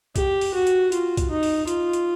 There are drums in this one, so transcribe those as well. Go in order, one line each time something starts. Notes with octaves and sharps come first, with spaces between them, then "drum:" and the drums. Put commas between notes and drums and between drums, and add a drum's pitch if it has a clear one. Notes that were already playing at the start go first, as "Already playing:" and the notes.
G4, drum: kick C2, hi-hat
drum: open hi-hat
F#4
drum: hi-hat
F4, drum: hi-hat
drum: kick C2, hi-hat
D#4
drum: open hi-hat
F4, drum: hi-hat
drum: hi-hat